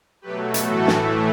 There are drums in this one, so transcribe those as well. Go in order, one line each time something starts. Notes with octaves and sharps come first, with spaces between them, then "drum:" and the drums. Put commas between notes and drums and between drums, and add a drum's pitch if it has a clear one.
B2 F#3 A3 G4 B4
A2 E3 A3 F#4 A4, drum: hi-hat
A2 E3 A3, drum: snare